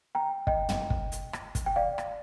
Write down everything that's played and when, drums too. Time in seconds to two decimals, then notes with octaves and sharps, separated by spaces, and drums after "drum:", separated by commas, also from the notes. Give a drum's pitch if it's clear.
0.15 G5 A#5
0.47 D#5 G5, drum: kick
0.69 drum: tom
0.90 drum: kick
1.12 drum: hi-hat
1.33 drum: rim click
1.55 drum: kick, hi-hat
1.66 G5
1.76 D5 F5
1.98 drum: rim click